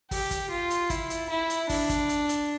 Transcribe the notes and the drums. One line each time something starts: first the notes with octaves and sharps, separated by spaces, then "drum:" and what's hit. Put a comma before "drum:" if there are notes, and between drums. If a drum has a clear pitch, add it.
G4, drum: kick, open hi-hat
drum: kick, hi-hat
F4
drum: hi-hat
E4, drum: kick, hi-hat
drum: hi-hat
E4
drum: hi-hat
D4, drum: kick, open hi-hat
drum: kick, hi-hat
drum: hi-hat
drum: hi-hat